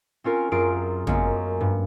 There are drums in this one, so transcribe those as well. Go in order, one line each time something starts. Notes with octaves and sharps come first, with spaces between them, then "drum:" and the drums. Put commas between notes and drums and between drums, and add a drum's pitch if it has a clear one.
C4 C#4 F4 A#4
F#2 F4 G#4 A#4 D7
F#2 G#3 A#3 B3 C#4, drum: tom
G2